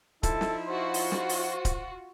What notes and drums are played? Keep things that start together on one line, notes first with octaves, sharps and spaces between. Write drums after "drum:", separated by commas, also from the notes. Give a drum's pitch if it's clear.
F3 D#4 E4 A4, drum: kick D1, hi-hat
drum: snare
F4 F#4 C5
drum: open hi-hat
drum: snare
drum: open hi-hat
drum: kick D1, hi-hat